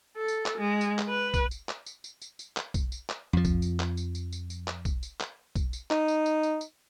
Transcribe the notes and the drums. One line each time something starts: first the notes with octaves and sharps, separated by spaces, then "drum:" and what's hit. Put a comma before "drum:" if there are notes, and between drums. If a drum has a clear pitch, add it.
A4
drum: tambourine
drum: clap
G#3
drum: tambourine
drum: clap
B4
drum: kick B1, tambourine
drum: tambourine
drum: clap
drum: tambourine
drum: tambourine
drum: tambourine
drum: tambourine
drum: clap
drum: kick B1, tambourine
drum: tambourine
drum: clap
F2 F3
drum: kick B1, tambourine
drum: tambourine
drum: clap
drum: tambourine
drum: tambourine
drum: tambourine
drum: tambourine
drum: clap
drum: kick B1, tambourine
drum: tambourine
drum: clap
drum: kick B1, tambourine
drum: tambourine
D#4, drum: clap
drum: tambourine
drum: tambourine
drum: tambourine
drum: tambourine